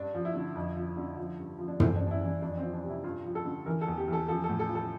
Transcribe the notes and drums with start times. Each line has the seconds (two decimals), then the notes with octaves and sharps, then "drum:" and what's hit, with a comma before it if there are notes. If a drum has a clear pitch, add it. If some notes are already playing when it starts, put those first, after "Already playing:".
Already playing: G2 D4
0.15 F3
0.25 E4
0.35 D3
0.56 F2
0.77 F3
0.97 D3
1.17 F3
1.38 G2
1.59 F3
1.68 D4
1.80 E3 C4, drum: tom
1.96 D4
2.01 G2
2.07 D4
2.11 E4
2.21 E3 D4
2.42 F2 D4
2.57 C4
2.63 F3
2.73 D4
2.84 C3
2.89 E4
3.04 G2 F4
3.25 F3
3.35 A4
3.46 D3
3.66 E3 A#4
3.81 A4
3.87 E2
3.98 G4
4.08 E3 A4
4.28 F3 A4
4.44 A4
4.49 A2
4.59 A4
4.69 F3
4.75 A4